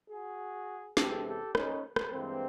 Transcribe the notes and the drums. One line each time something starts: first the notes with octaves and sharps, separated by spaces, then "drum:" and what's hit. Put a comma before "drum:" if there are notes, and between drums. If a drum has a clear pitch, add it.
F#4 G#4
E2 C3 E3 G#3 G4 A4, drum: snare
G4 A4
C#4 D#4, drum: rim click
drum: rim click
G2 E3 G#3 A#3 C4